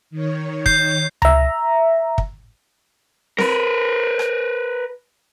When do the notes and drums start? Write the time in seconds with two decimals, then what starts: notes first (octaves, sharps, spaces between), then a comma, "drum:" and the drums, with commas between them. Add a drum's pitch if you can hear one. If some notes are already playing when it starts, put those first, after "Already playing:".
0.11 D#3 C#5
0.66 G6 C7, drum: kick
1.22 E5 A#5, drum: tom C#2
2.18 drum: kick
3.38 A#4 B4, drum: snare C4
4.19 drum: rim click